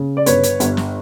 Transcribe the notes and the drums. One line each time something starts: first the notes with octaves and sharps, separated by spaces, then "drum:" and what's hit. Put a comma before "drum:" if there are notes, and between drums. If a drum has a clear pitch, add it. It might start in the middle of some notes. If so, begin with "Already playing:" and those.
Already playing: C#3
D5
G1 B4 C#5, drum: hi-hat
drum: hi-hat
G1, drum: hi-hat
drum: snare